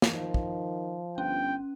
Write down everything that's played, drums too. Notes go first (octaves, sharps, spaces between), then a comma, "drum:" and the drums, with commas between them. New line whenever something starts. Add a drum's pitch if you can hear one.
drum: snare
D#3 F3
drum: kick
G1 C#4 G5